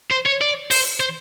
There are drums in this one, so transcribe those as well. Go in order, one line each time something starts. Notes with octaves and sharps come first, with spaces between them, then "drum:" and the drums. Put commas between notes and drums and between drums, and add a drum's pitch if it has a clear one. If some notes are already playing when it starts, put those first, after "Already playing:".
C5
C#5
D5
C5, drum: open hi-hat
C5